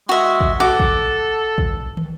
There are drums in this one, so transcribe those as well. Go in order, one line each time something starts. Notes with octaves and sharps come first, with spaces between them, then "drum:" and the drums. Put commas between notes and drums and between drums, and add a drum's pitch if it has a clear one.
G#3 F#4 E5
drum: kick
F#4 A4 D6
drum: kick
drum: kick
drum: tom